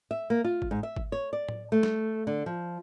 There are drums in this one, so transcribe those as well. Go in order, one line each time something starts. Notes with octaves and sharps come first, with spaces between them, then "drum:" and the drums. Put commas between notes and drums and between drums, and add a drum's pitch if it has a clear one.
E5
A#3
F4
drum: kick
G#2
E5
drum: kick
C#5
D5
drum: tom A2
A3
drum: snare G3
D3
F3